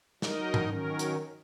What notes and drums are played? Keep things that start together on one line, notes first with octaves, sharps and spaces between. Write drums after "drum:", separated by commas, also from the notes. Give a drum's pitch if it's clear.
F#3 D#4 A#4 D#5, drum: snare
drum: tom G#2
D#3 F#3 C#4 A#4
drum: hi-hat